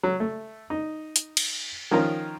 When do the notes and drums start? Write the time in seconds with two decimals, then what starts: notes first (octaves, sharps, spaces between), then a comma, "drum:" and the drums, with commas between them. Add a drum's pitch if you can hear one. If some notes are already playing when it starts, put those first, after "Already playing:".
0.03 F#3
0.20 A3
0.70 D#4
1.16 drum: hi-hat
1.37 drum: cymbal
1.91 D#3 F3 C#4 F4 A#4